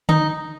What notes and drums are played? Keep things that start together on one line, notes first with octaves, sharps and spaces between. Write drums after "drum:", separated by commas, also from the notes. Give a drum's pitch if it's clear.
D#4, drum: tom D3